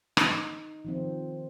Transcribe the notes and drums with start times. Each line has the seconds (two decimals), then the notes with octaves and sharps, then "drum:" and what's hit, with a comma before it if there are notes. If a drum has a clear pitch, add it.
0.17 D#4, drum: rim click
0.85 D#3 F3 C4